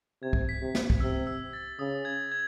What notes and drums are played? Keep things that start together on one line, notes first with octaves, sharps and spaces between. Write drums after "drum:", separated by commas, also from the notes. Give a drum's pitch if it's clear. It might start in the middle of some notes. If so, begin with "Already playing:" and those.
C3 G#6
drum: kick
B6
C3
B6, drum: snare
drum: kick
C3 E6
E6
A6
C#3 D#6
G#6
G#6